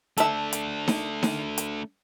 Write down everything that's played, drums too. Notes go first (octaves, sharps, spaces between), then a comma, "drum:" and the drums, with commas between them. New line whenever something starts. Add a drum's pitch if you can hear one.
A3 D4 A4 E5, drum: hi-hat
drum: hi-hat
drum: snare D#4
drum: snare D#4
drum: hi-hat